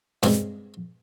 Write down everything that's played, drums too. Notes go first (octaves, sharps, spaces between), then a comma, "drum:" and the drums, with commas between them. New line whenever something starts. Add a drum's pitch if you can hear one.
G2 C3 G3 G#3, drum: snare